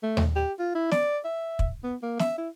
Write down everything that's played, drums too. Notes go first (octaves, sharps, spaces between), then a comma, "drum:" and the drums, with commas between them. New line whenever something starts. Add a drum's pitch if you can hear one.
A3
drum: tom D#2
G4
F4
E4
D5, drum: snare
E5
drum: kick
B3
A#3
E5, drum: snare
E4